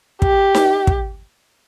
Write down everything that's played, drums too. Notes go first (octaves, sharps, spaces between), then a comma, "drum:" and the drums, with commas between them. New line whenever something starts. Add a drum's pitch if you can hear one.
G4, drum: kick
drum: snare D#4
drum: kick